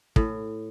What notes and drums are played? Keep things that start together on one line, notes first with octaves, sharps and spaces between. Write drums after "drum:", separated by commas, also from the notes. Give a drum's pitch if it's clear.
A2, drum: kick